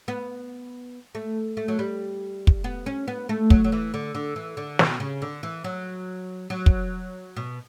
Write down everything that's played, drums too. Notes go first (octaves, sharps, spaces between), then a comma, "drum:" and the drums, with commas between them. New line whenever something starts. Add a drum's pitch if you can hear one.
B3
A3
A3
F#3
G3
drum: kick
B3
C#4
B3
A3
F#3, drum: kick
F#3
E3
D3
D3
E3
D3
B2, drum: snare
C#3
D3
E3
F#3
F#3
drum: kick
B2